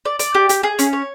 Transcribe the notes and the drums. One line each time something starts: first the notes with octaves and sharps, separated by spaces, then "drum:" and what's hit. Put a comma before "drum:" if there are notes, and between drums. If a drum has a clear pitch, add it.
D5
D5, drum: hi-hat
G4
G4, drum: hi-hat
G#4
C#4, drum: hi-hat
C#5